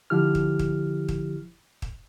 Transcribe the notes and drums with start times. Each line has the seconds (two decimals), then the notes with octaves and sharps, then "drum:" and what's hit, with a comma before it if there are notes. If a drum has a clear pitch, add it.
0.10 D3 F3 E4 G4 F6
0.35 drum: kick
0.59 drum: kick
1.09 drum: kick
1.82 drum: kick